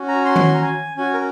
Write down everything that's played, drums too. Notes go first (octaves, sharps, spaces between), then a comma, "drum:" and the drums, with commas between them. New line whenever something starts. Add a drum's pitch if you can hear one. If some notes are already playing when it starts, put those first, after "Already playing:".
Already playing: C#4 F#4
A#5
C6
drum: tom D#3
A#5
G#5
C#4 F#4 G#5
A#4